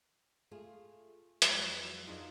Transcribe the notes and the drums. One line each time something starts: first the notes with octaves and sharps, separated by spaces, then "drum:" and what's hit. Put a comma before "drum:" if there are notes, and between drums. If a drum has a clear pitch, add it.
A3 F4 G#4
F2 E3 F#3 G#3, drum: hi-hat
F#3 A#3 D4 D#4 F4 G#4